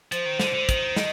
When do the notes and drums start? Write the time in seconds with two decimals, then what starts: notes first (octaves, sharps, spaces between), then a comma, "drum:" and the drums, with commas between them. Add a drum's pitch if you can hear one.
0.12 F3 C5, drum: hi-hat
0.26 D#3
0.39 D3, drum: snare
0.54 D3
0.69 D#3, drum: kick, hi-hat
0.96 D#5, drum: snare